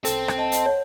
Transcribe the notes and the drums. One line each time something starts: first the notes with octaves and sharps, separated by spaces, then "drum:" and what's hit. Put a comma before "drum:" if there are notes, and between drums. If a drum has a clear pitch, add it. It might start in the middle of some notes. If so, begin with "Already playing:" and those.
C2 C4 A4, drum: hi-hat
drum: rim click
D#5 A5
drum: hi-hat
C#5 F#5